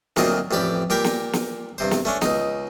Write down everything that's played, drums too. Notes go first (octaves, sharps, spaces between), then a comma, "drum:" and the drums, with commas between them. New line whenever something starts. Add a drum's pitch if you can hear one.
D2 A#2 F#3 C4 F4 D#5, drum: snare
A1 F2 G4 D5 B5
A#2 G4 A#4 G5 B5
drum: snare
drum: snare
G2 C3 C5
drum: snare
A3 C#4 D4
C#2 D#4, drum: snare